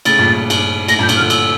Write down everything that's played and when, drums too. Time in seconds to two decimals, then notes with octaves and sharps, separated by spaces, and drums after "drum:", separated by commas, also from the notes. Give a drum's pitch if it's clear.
0.05 A2 C#3 A6, drum: cymbal
0.19 G2 A#2
0.33 G2
0.50 G2, drum: cymbal
0.88 A2 A#6, drum: cymbal
0.99 G2 A#2
1.02 G6
1.09 G2 A#2, drum: cymbal
1.16 F6
1.19 A#2 D3
1.30 E6, drum: cymbal